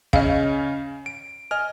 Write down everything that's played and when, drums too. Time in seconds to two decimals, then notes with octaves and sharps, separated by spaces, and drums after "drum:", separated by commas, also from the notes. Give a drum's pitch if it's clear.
0.13 C#3 C#4 D#5 F5, drum: kick
1.06 D7
1.51 D#5 G#5 F6